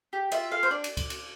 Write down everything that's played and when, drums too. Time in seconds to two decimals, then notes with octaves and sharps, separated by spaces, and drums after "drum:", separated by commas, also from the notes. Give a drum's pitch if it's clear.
0.13 G4
0.32 F4 E5, drum: cymbal
0.51 A4 F5
0.63 C5
0.70 D4 D5
0.84 drum: cymbal
0.97 drum: kick C#2, cymbal
1.10 drum: cymbal